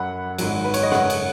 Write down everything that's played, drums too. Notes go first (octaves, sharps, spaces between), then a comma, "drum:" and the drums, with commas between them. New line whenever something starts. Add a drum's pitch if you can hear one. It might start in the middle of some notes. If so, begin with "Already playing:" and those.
Already playing: F#2 F#3 F#5 B5
G#1 G#2 F#3, drum: cymbal
B4
C#5, drum: cymbal
D#5
F#2 C#3 G#3 C#5 F#5, drum: snare
drum: cymbal